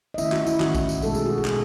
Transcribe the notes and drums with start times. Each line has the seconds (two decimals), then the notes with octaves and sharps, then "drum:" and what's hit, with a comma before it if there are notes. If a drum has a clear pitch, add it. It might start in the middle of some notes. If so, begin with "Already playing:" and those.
0.14 D#5
0.18 D#3 A3 C#4 E4 E5, drum: tambourine
0.32 F#4, drum: clap
0.47 E4, drum: tambourine
0.60 D#3 A3 C#4 E4 F#4, drum: clap
0.75 drum: kick A#1, tambourine
0.89 drum: tambourine
1.02 B2 G#3 D#4 A4, drum: tambourine
1.15 G#4, drum: tambourine
1.26 F#4
1.38 G#4
1.45 B2 G#3, drum: clap